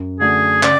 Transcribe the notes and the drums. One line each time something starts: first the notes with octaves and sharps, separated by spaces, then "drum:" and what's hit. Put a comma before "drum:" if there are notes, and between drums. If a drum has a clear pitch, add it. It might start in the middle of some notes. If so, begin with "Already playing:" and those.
Already playing: F#2
D3 A3 D4 F#4 G#4
C#3 D5, drum: clap